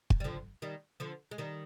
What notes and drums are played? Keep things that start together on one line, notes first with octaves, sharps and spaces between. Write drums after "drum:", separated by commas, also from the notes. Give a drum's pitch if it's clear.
drum: kick
G3
D3 F3
D#3 G3
D3 F3
G#3
D#3 G3